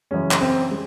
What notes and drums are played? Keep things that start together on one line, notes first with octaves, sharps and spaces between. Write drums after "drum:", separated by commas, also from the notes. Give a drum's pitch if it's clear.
F#2 C#3 E3 G#3 C#4
drum: clap
C4
G#3